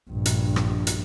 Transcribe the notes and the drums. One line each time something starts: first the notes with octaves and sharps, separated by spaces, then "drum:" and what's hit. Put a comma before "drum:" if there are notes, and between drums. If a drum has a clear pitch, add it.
A#1 G2
drum: hi-hat
drum: rim click
drum: hi-hat